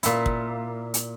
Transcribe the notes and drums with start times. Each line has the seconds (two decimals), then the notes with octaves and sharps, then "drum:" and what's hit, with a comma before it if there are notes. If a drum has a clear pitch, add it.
0.03 A#2 E4, drum: hi-hat
0.26 drum: kick
0.94 drum: hi-hat